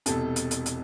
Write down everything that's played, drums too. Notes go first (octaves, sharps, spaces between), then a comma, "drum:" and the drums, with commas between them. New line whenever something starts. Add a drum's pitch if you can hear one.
E1 E2 C3 A4, drum: hi-hat
drum: hi-hat
drum: hi-hat
drum: hi-hat